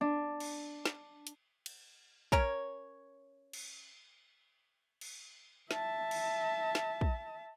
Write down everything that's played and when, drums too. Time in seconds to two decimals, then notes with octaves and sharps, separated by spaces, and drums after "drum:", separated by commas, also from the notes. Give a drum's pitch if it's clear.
0.01 D4
0.40 drum: cymbal
0.85 drum: snare
1.27 drum: hi-hat
1.66 drum: cymbal
2.32 C#4 A#4 C#5, drum: kick
3.53 drum: cymbal
5.01 drum: cymbal
5.71 E5 A5, drum: snare
6.11 drum: cymbal
6.75 drum: snare
7.01 drum: kick